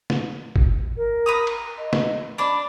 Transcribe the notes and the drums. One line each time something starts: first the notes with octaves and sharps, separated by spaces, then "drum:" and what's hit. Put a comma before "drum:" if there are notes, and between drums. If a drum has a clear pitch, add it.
drum: snare
drum: kick G1
A#4
B4 A#5 D#6
drum: cymbal
D#5
drum: snare
D4 D5 B5